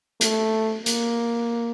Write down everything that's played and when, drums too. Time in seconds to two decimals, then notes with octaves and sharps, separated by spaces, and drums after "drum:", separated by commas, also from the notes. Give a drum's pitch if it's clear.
0.21 A3, drum: hi-hat
0.86 A#3, drum: hi-hat